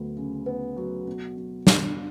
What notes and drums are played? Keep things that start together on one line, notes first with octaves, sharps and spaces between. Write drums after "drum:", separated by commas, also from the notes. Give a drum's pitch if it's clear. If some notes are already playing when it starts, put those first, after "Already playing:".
Already playing: D2 F#3 B3
C#3
B3
F#3
B2
F#3
D4, drum: snare